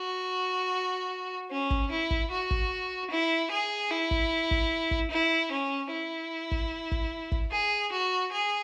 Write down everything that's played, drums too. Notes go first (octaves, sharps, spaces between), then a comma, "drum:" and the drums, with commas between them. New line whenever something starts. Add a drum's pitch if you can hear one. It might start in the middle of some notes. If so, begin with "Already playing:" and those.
Already playing: F#4
C#4
drum: kick
E4
drum: kick
F#4
drum: kick
E4
G#4
E4
drum: kick
drum: kick
drum: kick
E4
C#4
E4
drum: kick
drum: kick
drum: kick
G#4
F#4
G#4